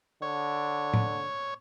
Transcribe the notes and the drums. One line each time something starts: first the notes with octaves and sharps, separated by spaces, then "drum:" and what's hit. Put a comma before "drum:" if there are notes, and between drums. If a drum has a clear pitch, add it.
D3 C#5
drum: tom A2